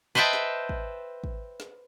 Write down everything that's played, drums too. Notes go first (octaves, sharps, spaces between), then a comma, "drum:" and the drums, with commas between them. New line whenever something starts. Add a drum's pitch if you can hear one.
B4 C5 D#5 E5 G5 A5
drum: snare
drum: kick
drum: kick
drum: snare